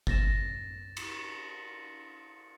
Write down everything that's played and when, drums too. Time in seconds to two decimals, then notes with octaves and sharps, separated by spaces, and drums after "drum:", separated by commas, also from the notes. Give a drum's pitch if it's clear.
0.07 A6 A#6 E7, drum: kick G1
0.97 C#7, drum: cymbal